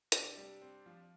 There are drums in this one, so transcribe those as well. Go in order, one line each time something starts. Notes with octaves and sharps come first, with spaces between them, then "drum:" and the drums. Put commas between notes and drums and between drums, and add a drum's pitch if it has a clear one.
C3 D4, drum: hi-hat
G3
C4
F3